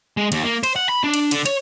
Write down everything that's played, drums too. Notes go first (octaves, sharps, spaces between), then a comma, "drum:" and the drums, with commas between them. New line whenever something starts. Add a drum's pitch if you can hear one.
G#3
D#2, drum: cymbal
A#3
C5, drum: cymbal
F#5
B5
D4
drum: cymbal
D3, drum: cymbal
C#5, drum: cymbal